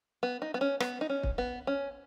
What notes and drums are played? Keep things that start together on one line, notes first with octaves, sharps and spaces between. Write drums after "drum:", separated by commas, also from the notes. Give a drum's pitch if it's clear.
B3
D#4
B3
C#4
B3, drum: rim click
D#4
C#4
drum: kick
B3
C#4